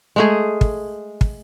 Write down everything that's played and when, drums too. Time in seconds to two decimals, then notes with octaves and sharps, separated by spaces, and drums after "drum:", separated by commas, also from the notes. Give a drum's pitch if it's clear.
0.16 G#3 A3 G#4
0.61 drum: kick
1.21 drum: kick